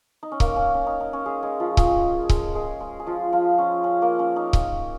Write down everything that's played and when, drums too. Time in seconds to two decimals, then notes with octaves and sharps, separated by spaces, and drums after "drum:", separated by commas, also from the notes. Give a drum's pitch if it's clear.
0.23 D#4
0.32 C#4
0.40 A#3, drum: kick C#1
0.56 C#4
0.74 C#4
0.87 D#4
1.00 D#4
1.13 C#4
1.26 G#3 G#4
1.42 G#3 G#4
1.60 F3 F4
1.77 G#3 G#4, drum: kick C#1
2.29 G#3 G#4, drum: kick C#1
2.55 G#3 G#4
2.80 G#3 G#4
3.00 G#4
3.07 F3 F4
3.32 F3 F4
3.58 C#4
3.84 C#4
4.02 A#3
4.19 C#4
4.36 D#4
4.53 drum: kick C#1